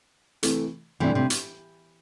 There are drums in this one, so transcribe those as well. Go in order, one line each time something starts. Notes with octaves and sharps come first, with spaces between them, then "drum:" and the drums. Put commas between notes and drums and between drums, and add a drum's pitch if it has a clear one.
C3 E3 A3, drum: hi-hat
A2 C3 E3 G3 D4
C3
drum: hi-hat